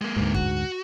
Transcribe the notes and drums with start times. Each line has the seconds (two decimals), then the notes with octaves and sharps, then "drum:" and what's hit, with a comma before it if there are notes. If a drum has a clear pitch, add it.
0.02 G#3 A#3
0.16 D2 G#2
0.35 F#4, drum: kick F#2